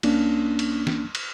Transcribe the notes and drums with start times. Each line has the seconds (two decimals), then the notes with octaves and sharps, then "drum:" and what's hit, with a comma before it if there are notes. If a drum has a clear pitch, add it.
0.03 C2 A#3 C#4 D4, drum: cymbal
0.59 drum: cymbal
0.87 drum: snare
1.15 drum: cymbal